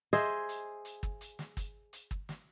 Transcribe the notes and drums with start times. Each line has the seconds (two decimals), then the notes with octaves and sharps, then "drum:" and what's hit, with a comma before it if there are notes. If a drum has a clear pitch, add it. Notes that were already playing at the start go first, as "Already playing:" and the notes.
0.13 G#4 C5 D#5 E5, drum: snare
0.49 drum: hi-hat
0.85 drum: hi-hat
1.03 drum: kick
1.21 drum: hi-hat
1.39 drum: snare
1.57 drum: kick, hi-hat
1.93 drum: hi-hat
2.11 drum: kick
2.29 drum: snare